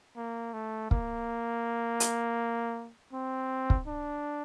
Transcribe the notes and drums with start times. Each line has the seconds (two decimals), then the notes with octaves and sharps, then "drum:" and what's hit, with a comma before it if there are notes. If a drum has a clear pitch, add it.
0.17 A#3
0.53 A3
0.91 A#3, drum: kick
2.00 drum: hi-hat
3.13 C4
3.70 drum: kick
3.87 D4